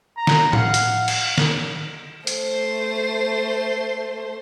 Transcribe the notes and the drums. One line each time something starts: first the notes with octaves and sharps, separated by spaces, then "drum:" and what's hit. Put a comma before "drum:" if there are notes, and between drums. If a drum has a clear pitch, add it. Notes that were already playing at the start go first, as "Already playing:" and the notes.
A#5
drum: snare
F5 F#5, drum: tom A2
drum: hi-hat
drum: cymbal
drum: snare
A3 C5, drum: hi-hat